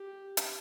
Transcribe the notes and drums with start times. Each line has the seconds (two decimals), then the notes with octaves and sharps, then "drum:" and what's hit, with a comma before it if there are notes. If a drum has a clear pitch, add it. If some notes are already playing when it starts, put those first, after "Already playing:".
Already playing: G4
0.37 drum: hi-hat